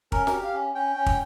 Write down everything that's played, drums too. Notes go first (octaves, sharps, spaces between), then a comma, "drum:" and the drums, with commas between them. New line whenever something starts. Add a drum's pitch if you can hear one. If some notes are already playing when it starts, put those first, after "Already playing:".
C#4 A#4, drum: kick
A#4, drum: snare
G4
F5
C#4
C#4 G5
C#4
drum: kick